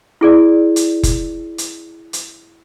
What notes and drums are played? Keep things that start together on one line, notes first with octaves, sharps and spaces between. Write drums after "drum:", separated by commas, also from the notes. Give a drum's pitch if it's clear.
E4 G#4 D5
drum: hi-hat
drum: kick F#1, hi-hat
drum: hi-hat
drum: hi-hat